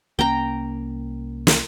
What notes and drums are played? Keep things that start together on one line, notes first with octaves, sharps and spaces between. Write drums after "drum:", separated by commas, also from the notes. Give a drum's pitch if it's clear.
C2 A#3 C#4 G5 A#5
drum: snare